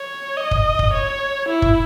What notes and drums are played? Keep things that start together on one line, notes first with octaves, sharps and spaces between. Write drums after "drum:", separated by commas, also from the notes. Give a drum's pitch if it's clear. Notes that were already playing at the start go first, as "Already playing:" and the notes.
Already playing: C#5
D#5
drum: kick
drum: kick
C#5
E4
drum: kick